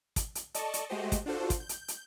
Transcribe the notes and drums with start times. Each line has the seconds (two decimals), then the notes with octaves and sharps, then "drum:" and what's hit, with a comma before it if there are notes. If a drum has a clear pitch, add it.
0.16 drum: kick, hi-hat
0.35 drum: hi-hat
0.54 A4 D5 D#5 A5 C#6, drum: hi-hat
0.74 drum: hi-hat
0.89 G#3 A3 F#4 G4 C5 D#5
1.12 drum: kick, hi-hat
1.26 D4 F4 F#4 A4 C5
1.50 drum: kick, hi-hat
1.60 G6
1.69 drum: hi-hat
1.88 drum: hi-hat